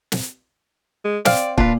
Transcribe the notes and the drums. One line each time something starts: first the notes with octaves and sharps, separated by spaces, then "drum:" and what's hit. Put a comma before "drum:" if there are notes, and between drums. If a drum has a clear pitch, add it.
drum: snare
G#3
C4 D5 F5, drum: snare
A#2 D4 F4 B4, drum: kick